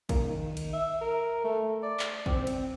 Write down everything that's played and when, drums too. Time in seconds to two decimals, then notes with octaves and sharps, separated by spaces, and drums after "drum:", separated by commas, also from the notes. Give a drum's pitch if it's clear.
0.09 A#3, drum: kick, cymbal
0.23 D#3
0.57 drum: cymbal
0.73 E5
1.01 A#4
1.44 A3
1.83 D5
1.99 drum: clap
2.26 C4, drum: kick
2.47 drum: cymbal